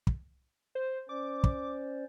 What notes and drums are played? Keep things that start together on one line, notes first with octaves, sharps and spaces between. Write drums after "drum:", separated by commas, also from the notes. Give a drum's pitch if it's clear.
drum: kick
C5
C#4 C5 D5 D6
drum: kick